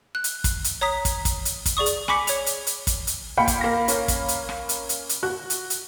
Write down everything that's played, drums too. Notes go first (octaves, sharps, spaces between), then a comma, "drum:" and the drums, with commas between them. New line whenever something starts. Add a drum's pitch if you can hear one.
F#6
drum: hi-hat
drum: kick, hi-hat
drum: hi-hat
C#5 A#5 D#6 B6
drum: kick, hi-hat
drum: kick, hi-hat
drum: hi-hat
drum: kick, hi-hat
G#4 D5 C#6 D#6
drum: hi-hat
G#5 B5 C#6 D6 B6 C#7, drum: rim click
C#5 F7, drum: hi-hat
drum: hi-hat
drum: hi-hat
drum: kick, hi-hat
drum: hi-hat
A#2 F5 G5 B5 C#7
drum: kick, hi-hat
A#3 A#6
A#3 C#4, drum: hi-hat
drum: kick, hi-hat
drum: hi-hat
drum: rim click
drum: hi-hat
drum: hi-hat
drum: hi-hat
F#4 F#6
drum: hi-hat
drum: hi-hat